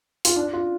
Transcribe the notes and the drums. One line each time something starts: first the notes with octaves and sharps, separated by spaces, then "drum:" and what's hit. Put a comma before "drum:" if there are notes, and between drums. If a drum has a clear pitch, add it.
F4, drum: hi-hat
D4
F4